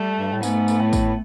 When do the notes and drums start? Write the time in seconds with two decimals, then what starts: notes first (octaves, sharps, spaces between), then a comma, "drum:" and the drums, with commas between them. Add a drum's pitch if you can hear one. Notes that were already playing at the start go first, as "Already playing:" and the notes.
Already playing: G3 A3
0.18 G2
0.32 A2
0.43 G#2 A3 B3, drum: tambourine
0.68 drum: tambourine
0.80 A2
0.93 drum: kick, tambourine